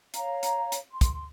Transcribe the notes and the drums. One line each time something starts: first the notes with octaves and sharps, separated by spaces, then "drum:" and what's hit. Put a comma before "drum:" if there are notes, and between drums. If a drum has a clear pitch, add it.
C#5 F5 A#5, drum: hi-hat
drum: hi-hat
drum: hi-hat
C6
drum: kick, hi-hat